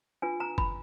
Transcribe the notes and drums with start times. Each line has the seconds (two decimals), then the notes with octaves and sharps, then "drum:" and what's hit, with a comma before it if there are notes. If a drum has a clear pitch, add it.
0.22 D4 F4 B4 G#5
0.40 A#5
0.58 B5, drum: kick F#1